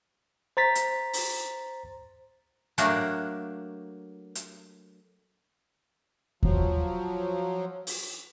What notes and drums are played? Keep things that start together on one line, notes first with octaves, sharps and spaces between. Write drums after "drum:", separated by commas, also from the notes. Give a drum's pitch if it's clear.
C5 A#5 A6 B6
drum: hi-hat
drum: open hi-hat
F#3 A3 A#3 D4, drum: hi-hat
drum: hi-hat
F3 F#3, drum: kick D#2
drum: open hi-hat